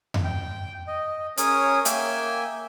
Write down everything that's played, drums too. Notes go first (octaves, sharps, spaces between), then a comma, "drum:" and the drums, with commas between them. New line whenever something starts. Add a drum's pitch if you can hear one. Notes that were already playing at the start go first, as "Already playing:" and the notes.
drum: tom F2
G5
D#5
C#4 G#4 A#4 C#5 D#6, drum: hi-hat
A#3 E5 G5 G#5, drum: hi-hat